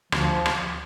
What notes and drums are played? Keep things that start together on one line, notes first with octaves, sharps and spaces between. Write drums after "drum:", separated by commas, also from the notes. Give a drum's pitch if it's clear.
D2 F3, drum: rim click
drum: rim click